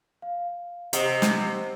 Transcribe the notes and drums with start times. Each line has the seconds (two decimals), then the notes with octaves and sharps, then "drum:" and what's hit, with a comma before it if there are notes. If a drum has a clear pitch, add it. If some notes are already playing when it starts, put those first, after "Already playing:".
0.22 F5
0.93 C3 D#5 F#5 D#6, drum: hi-hat
1.22 drum: snare